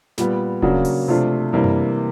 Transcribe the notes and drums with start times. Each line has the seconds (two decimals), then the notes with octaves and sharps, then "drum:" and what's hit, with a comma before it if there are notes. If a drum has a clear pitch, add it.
0.18 A#2 G3 B3, drum: snare
0.62 C#3 F#3 A#3 D4 F#4, drum: kick D#1
0.85 drum: open hi-hat
1.08 C3 F3 A3 D4 F4
1.53 C3 E3 G3 A#3 D4
1.64 drum: tom F#2